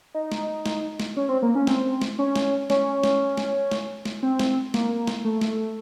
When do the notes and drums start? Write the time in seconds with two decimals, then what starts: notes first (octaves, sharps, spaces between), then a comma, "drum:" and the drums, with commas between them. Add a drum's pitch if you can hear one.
0.14 D#4
0.32 drum: snare
0.66 drum: snare
1.00 drum: snare
1.17 C#4
1.29 C4
1.42 A#3
1.55 C#4
1.67 C4, drum: snare
2.02 drum: snare
2.19 C#4
2.36 drum: snare
2.70 C#4, drum: snare
3.04 drum: snare
3.37 drum: snare
3.71 drum: snare
4.05 drum: snare
4.23 C4
4.39 drum: snare
4.74 A#3, drum: snare
5.07 drum: snare
5.25 A3
5.41 drum: snare